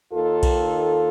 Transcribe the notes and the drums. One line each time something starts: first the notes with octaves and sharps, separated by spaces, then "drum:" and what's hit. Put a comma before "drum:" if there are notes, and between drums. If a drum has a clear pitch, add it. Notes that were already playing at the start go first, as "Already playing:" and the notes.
D#2 D#3 A#3 F4 A4
drum: kick B1, cymbal